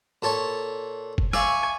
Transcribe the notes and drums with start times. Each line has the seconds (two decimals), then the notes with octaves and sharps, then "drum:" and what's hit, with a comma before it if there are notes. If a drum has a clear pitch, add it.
0.22 A#2 A4 C#5
1.18 drum: kick F#1
1.33 D5 E5 F5 G#5 C#6, drum: rim click